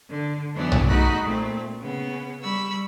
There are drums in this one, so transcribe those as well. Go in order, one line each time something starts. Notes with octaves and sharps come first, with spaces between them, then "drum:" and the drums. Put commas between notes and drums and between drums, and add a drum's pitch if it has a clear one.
D3
F2 E3 F#3 B3 D4
drum: tom B1
E2 A3 D#4 F#4 B5 F#6
A#2 A3 C4
C#3 B3
G3 B5 C#6 E6